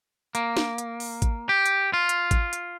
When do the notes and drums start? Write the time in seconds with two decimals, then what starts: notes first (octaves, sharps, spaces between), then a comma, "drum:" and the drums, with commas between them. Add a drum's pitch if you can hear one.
0.35 A#3, drum: hi-hat
0.57 drum: snare
0.78 drum: hi-hat
1.00 drum: open hi-hat
1.22 drum: kick G#1, hi-hat
1.49 G4
1.66 drum: hi-hat
1.93 F4
2.09 drum: hi-hat
2.31 drum: kick G#1, hi-hat
2.53 drum: hi-hat